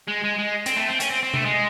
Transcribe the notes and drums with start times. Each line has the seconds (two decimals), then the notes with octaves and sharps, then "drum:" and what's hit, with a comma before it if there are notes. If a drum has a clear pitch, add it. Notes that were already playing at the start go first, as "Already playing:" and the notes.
0.08 G#3
0.24 G#3
0.39 G#3
0.66 C4, drum: hi-hat
0.76 A3
0.88 C4
1.00 C#4, drum: hi-hat
1.10 C4
1.23 C4
1.34 A3, drum: tom C3
1.45 G#3